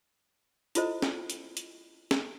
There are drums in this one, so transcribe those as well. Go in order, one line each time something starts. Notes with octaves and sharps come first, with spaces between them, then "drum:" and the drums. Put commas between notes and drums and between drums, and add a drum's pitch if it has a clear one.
E4 F4 A4 C5 D#5, drum: hi-hat
drum: snare
drum: hi-hat
drum: hi-hat
drum: snare